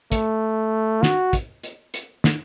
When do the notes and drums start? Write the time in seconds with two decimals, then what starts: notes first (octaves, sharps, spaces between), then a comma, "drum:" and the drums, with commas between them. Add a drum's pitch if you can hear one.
0.12 A3, drum: kick, hi-hat
1.03 F#4, drum: snare
1.33 drum: kick, hi-hat
1.63 drum: hi-hat
1.94 drum: hi-hat
2.24 drum: snare